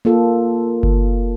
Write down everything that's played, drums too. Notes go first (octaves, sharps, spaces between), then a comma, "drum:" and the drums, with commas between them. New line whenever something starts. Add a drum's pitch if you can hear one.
A#3 F4 A4
drum: kick G1